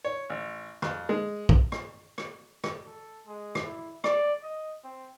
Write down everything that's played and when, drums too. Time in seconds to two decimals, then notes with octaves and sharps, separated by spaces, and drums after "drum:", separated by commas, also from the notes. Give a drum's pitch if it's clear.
0.05 C#5
0.30 A1
0.82 F2, drum: rim click
1.09 G#3
1.49 drum: kick
1.72 drum: rim click
2.18 drum: rim click
2.64 drum: rim click
2.87 A4
3.26 G#3
3.55 drum: rim click
3.65 E4
4.04 D5, drum: rim click
4.43 D#5
4.84 C4